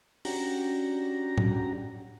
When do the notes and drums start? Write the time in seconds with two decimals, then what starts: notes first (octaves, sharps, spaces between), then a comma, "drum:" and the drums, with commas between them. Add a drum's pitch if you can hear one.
0.25 C#4 D4 F#4 G4 A#5, drum: open hi-hat
1.38 drum: tom